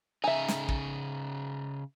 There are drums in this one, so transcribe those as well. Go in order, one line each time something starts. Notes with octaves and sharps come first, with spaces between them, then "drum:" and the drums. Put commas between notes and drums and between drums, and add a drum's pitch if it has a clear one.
C#3 D#4 E5 G#5
drum: snare
drum: kick